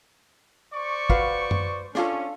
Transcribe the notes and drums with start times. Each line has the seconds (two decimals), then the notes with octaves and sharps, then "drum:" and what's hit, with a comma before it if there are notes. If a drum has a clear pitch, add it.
0.73 C5 D5 C#6
1.10 F#4 B4 F5, drum: kick
1.51 drum: tom F#2
1.95 C#4 D4 F4 A4, drum: snare